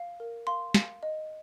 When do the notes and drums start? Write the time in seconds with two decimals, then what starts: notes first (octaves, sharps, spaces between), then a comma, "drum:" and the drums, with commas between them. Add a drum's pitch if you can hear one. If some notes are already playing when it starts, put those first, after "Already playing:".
Already playing: F5
0.20 A#4
0.47 F5 C6
0.74 F5, drum: snare
1.03 D#5